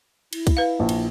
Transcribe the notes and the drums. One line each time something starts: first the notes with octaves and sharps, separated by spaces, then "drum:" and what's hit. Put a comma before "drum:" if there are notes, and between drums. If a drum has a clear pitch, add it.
E4, drum: cymbal
drum: kick, cymbal
B4 F5
A#1
drum: cymbal